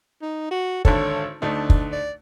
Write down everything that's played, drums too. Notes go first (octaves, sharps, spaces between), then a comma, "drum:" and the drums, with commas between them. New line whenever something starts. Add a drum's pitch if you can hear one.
D#4
F#4
G#1 D3 A4 C#5, drum: kick
D2 A3 D4 D#4
drum: kick
D5